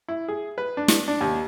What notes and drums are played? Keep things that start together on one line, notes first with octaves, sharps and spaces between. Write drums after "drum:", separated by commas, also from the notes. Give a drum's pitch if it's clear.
E4
G#4
B4
D4
drum: snare
D4
D#2